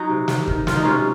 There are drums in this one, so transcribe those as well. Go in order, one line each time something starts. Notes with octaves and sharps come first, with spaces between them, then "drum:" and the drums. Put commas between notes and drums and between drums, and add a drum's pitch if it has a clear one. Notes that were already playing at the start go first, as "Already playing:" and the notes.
Already playing: F#3 D#4 F#4
C3
C3, drum: snare
D#3, drum: kick
F#3 F4, drum: snare
D#4
C3 C#4 F4